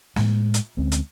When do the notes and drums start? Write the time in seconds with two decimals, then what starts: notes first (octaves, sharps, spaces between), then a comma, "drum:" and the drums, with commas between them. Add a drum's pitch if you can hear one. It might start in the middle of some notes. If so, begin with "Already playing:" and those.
0.16 A2 G#3, drum: snare
0.54 drum: hi-hat
0.77 D2 G#3 C4 C#4
0.92 drum: hi-hat